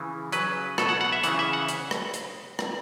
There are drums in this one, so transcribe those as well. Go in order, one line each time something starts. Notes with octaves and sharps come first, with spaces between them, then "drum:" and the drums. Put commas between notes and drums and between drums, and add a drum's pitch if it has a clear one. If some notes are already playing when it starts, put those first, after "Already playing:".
Already playing: C#3 E3
C#3 F#3 B4, drum: hi-hat
B2 F#3 A4, drum: rim click
F#5
F#5
E5
C#3 E3 F#5, drum: hi-hat
E5
F#5
drum: hi-hat
drum: rim click
drum: hi-hat
drum: rim click